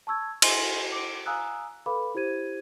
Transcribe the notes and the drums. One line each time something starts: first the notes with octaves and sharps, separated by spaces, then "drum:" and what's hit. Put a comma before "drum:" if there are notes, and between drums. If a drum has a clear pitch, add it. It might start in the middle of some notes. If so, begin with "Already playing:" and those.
A5 C#6 E6 G#6
D#5 G#5 C6, drum: cymbal
D6 D7
F5 G#5 A#5 D#6 E6 F#6
A4 B4 F5 B5 D6
E4 G4 C5 G#6 D#7